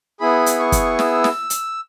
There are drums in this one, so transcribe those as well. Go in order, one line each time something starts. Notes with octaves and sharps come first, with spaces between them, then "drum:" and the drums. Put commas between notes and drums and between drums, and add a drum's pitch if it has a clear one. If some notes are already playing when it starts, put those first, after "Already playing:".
B3 E4 G#4 B5
drum: hi-hat
C#6
drum: kick, hi-hat
E6, drum: snare
drum: snare
drum: hi-hat